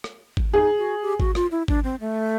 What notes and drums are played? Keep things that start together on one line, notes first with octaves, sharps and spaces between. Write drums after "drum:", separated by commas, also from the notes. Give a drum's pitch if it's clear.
drum: rim click
drum: kick G#1
D#4 G#4
F#4
G4
F#4, drum: kick G#1
F4, drum: rim click
E4
D4, drum: kick G#1
C4
A3